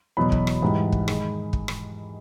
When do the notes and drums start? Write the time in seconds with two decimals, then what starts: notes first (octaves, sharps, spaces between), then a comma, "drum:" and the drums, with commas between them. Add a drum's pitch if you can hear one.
0.17 E2 B2 F#3 B5
0.32 drum: kick
0.47 drum: rim click
0.62 G#2 E3 G3
0.92 drum: kick
1.08 D#3 G#3, drum: rim click
1.53 drum: kick
1.68 drum: rim click